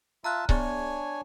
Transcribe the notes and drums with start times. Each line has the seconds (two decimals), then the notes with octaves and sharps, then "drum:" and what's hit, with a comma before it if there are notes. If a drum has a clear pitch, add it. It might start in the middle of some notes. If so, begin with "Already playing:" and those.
0.24 F4 E5 A5 A#5 F6 F#6
0.49 B3 D4 G#4 C#5 D5 G#5, drum: kick C#1